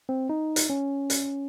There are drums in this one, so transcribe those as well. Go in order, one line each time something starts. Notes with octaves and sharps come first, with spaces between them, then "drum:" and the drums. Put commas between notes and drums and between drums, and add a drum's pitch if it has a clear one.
C4
D#4
drum: hi-hat
C#4
drum: hi-hat